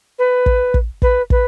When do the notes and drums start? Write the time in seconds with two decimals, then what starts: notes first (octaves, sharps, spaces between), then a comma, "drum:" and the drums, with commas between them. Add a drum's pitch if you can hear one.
0.18 B4
0.46 drum: kick
0.74 drum: kick
1.02 B4, drum: kick
1.30 B4, drum: kick